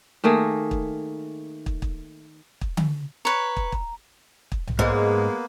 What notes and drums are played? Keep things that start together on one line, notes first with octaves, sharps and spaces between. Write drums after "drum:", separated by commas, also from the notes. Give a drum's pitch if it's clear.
D#3 A3 A#3 G#4
drum: kick
drum: kick
drum: kick
drum: kick
drum: tom D3
B4 C#5 A#5
drum: kick
drum: kick
drum: kick
drum: tom B1
G#2 G#3 A#3 B3